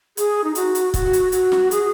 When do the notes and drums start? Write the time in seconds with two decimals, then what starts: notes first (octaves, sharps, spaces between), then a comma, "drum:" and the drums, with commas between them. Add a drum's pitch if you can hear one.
0.17 G#4, drum: hi-hat
0.44 D#4
0.55 F#4, drum: hi-hat
0.75 drum: hi-hat
0.94 F#4, drum: kick, hi-hat
1.13 drum: hi-hat
1.32 F#4, drum: hi-hat
1.52 drum: snare
1.71 G#4, drum: hi-hat